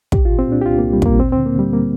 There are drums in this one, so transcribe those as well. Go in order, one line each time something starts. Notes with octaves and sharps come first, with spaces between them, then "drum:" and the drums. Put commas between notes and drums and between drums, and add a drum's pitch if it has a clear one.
C2 G4, drum: kick
A#2 F4
C4
A#2 D4
G4
C2 F4
A#3
C2
G3
A#2 A#3, drum: kick
D2 C4
C4
D3
A#3
D3 G3
A#3